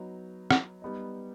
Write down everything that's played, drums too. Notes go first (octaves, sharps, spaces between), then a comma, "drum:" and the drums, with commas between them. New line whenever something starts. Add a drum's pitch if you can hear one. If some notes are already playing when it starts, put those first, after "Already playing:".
Already playing: F#3 B3 D#4
drum: rim click
G3 B3 D#4